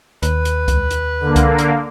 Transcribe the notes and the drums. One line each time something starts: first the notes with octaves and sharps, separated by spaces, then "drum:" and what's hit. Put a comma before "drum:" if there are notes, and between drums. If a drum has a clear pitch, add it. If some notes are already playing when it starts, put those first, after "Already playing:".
D#2 B4, drum: hi-hat
drum: hi-hat
drum: kick C#2, hi-hat
drum: hi-hat
D3 A#3
drum: kick C#2, hi-hat
drum: hi-hat